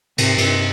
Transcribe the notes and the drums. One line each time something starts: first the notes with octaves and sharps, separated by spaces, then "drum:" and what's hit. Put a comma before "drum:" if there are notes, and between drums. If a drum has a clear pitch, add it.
G#2 C3, drum: cymbal
G2, drum: cymbal